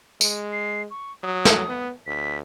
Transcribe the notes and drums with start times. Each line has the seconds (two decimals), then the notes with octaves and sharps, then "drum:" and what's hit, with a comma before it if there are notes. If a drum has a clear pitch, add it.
0.21 G#3, drum: tambourine
0.52 C7
0.91 C#6
1.23 F#3 D#6
1.45 drum: snare
1.69 B3
2.06 D2 B6